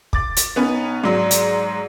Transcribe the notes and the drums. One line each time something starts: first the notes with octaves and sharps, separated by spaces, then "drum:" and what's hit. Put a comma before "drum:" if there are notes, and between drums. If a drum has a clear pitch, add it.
D6 A6, drum: kick
drum: hi-hat
B1 B3 C#4 D#4 B4
G#2 F#3 D5 A#5
drum: hi-hat